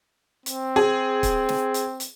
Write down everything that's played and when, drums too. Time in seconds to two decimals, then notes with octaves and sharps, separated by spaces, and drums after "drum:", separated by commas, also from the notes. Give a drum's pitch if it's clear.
0.46 C4, drum: hi-hat
0.76 G#4
1.23 drum: kick, hi-hat
1.49 drum: snare
1.74 drum: hi-hat
2.00 drum: hi-hat